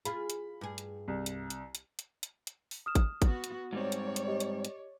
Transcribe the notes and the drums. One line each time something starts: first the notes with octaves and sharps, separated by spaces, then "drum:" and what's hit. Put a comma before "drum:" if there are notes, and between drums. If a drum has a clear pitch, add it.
F4 G#4 B5, drum: hi-hat
drum: hi-hat
G2 G#4
drum: hi-hat
C2
drum: hi-hat
drum: hi-hat
drum: hi-hat
drum: hi-hat
drum: hi-hat
drum: hi-hat
drum: open hi-hat
D#6 F6 E7
drum: kick G#1, hi-hat
B3 F#4, drum: kick G#1, hi-hat
drum: hi-hat
G#2 G3 C4 C#5 D5
drum: hi-hat
drum: hi-hat
G4 D#5
drum: hi-hat
drum: hi-hat